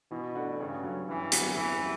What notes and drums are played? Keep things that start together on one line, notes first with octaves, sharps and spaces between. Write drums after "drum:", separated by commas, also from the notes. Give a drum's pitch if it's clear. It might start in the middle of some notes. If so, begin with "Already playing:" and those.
B2 E3
A3 D4 F#4
G2 C#3
F#3 C#4
G2 E3
D3 F#3 B3 F#4, drum: hi-hat
E2 E3
G3